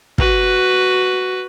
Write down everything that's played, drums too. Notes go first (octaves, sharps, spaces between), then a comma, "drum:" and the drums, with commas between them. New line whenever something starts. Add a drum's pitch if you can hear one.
F#4 B4, drum: kick